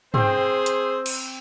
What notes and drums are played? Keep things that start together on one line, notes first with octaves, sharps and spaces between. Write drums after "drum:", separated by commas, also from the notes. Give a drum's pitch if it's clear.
C4 G#4 C5 G5, drum: tom
drum: hi-hat
drum: cymbal